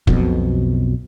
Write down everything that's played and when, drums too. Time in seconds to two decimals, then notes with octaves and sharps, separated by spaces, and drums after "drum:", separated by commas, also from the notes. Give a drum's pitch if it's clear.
0.07 B1 F2 B2, drum: kick